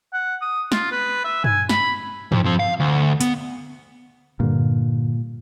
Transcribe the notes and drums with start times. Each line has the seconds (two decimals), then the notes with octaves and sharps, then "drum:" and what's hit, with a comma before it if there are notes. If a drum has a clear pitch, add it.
0.13 F#5
0.41 D#6
0.72 F4, drum: snare
0.92 B4
1.25 E5
1.44 G#5, drum: tom G2
1.69 B5, drum: snare
2.32 F2, drum: tom G2
2.46 F3 C4
2.60 F5
2.80 D2
3.21 B3, drum: hi-hat
4.40 G2 A#2 D3